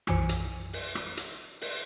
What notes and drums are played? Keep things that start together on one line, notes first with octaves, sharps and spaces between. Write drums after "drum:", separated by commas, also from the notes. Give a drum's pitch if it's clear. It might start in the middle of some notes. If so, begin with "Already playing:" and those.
B1 F#2 E3 G#5 D6 C#7, drum: rim click
drum: hi-hat
drum: open hi-hat
drum: rim click
drum: hi-hat
drum: open hi-hat